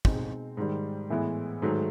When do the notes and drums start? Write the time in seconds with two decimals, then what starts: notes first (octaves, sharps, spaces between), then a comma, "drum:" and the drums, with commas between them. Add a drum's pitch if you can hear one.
0.05 B2 G#3 C4 D#4, drum: kick
0.57 G#2 D#3 G3
1.10 A2 E3 G#3 B3 E4
1.62 G#2 D#3 F#3 A3